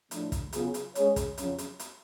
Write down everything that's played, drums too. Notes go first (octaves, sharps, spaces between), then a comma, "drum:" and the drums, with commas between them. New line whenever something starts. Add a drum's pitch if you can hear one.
A2 F3 A3 D4, drum: hi-hat
drum: kick, hi-hat
C#3 F#3 B3 F4 G#4, drum: hi-hat
drum: hi-hat
G#3 C#4 G#4 C#5, drum: hi-hat
drum: kick, hi-hat
F2 C#3 F#3 C#4, drum: hi-hat
drum: hi-hat
drum: hi-hat